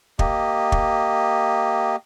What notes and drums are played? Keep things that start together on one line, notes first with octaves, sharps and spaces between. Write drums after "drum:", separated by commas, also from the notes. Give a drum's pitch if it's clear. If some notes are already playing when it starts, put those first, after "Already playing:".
A#3 G4 D#5, drum: kick
drum: kick